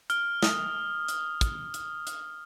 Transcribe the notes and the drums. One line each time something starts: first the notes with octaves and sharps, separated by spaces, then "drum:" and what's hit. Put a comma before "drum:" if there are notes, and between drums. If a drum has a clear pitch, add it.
F6, drum: hi-hat
D#6, drum: snare
drum: hi-hat
drum: kick, hi-hat
drum: hi-hat
drum: hi-hat